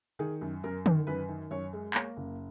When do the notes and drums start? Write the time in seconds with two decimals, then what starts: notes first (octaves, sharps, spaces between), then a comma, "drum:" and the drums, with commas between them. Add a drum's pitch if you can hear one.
0.19 D#3 G#4
0.41 F#2
0.64 F#2 A#4
0.86 D#3, drum: tom
1.07 F#2 B4
1.28 D#3
1.51 F#2 C#5
1.73 G#3
1.94 A#3 C#5, drum: clap
2.17 F#1